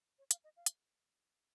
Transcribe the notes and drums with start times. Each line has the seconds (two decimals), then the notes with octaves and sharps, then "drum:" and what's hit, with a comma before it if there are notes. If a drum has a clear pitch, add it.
0.19 C#5
0.31 F5, drum: hi-hat
0.44 D#5
0.56 F5
0.66 drum: hi-hat